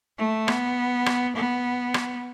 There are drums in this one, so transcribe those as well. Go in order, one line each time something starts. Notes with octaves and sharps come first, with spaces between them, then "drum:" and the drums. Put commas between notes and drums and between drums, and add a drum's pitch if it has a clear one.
A3
B3, drum: rim click
drum: rim click
B3
drum: rim click